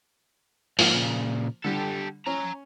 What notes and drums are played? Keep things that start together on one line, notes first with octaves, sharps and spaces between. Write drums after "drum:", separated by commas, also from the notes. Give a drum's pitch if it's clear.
G#2 F3 A#3 F5, drum: open hi-hat
A#2 C#3
D3 G3 G4 A4
C#4 C#5 A#5